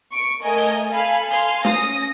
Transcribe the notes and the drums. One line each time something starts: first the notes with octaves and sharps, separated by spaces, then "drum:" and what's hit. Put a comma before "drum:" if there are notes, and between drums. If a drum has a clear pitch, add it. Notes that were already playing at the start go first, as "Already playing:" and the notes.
C#6 D7
A3 A#4 D#5 G#5
drum: open hi-hat
A4 F5 G#5 B5
F5 G#5 C6, drum: open hi-hat
C#4 D#6 A#6, drum: snare